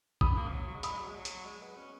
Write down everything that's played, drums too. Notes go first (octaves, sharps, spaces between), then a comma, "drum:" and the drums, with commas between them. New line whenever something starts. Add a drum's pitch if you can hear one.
B5 D#6, drum: kick
A#3
F3
F#3
F#3
G#3
F#3 B5 D#6, drum: hi-hat
G#3
F#3
G#3
F#3
drum: hi-hat
G#3
B3
C#4